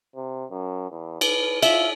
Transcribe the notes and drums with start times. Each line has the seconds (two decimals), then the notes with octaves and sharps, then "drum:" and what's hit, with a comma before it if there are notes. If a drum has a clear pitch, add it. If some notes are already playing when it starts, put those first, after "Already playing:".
0.15 C3
0.51 F#2
0.91 E2
1.21 B4, drum: cymbal
1.62 F4 E5, drum: cymbal